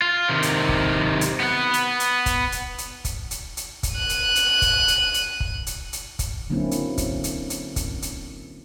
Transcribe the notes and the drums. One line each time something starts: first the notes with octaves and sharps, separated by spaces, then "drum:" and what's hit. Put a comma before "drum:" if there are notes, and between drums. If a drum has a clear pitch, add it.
F4
C3 D#3
drum: hi-hat
drum: kick
drum: hi-hat
B3 F#5
drum: hi-hat
drum: hi-hat
drum: kick, hi-hat
drum: hi-hat
drum: hi-hat
drum: kick, hi-hat
drum: hi-hat
drum: hi-hat
drum: kick, hi-hat
F#6 D#7
drum: hi-hat
drum: hi-hat
drum: kick, hi-hat
drum: hi-hat
drum: hi-hat
drum: kick
drum: hi-hat
drum: hi-hat
drum: kick, hi-hat
D3 F#3 A#3 C4 C#4 E4
drum: hi-hat
drum: kick, hi-hat
drum: hi-hat
drum: hi-hat
drum: kick, hi-hat
drum: hi-hat